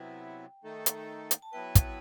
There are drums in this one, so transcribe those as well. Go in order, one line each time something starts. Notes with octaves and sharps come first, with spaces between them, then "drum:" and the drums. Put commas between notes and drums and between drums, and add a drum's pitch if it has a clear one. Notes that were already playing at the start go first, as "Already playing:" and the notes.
Already playing: C3 F#3 B3 E4 G5
D#3 A3 D#4 A4
drum: hi-hat
drum: hi-hat
A5
F#3 B3 E4 B4 G5
drum: kick, hi-hat